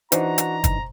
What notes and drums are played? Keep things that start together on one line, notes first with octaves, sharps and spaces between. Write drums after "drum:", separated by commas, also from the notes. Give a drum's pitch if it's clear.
E3 D4 D#4 F#4 C5 A#5, drum: hi-hat
drum: hi-hat
drum: kick, hi-hat